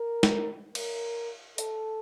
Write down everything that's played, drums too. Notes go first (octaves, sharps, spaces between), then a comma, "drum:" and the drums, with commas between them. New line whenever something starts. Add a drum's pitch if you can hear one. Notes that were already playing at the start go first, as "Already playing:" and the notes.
Already playing: A#4
drum: snare
A#4, drum: cymbal
A4, drum: hi-hat